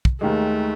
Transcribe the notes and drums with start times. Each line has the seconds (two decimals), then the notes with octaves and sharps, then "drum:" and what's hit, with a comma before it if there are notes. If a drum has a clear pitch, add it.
0.05 drum: kick
0.21 D#2 D#3 G#3 A3